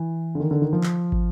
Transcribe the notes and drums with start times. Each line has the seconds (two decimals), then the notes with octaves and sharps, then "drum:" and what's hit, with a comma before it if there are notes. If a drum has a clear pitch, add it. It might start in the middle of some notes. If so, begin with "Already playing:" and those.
Already playing: E3
0.35 D3
0.40 D#3
0.51 D3
0.62 D#3
0.73 F3
0.83 drum: clap
1.12 drum: kick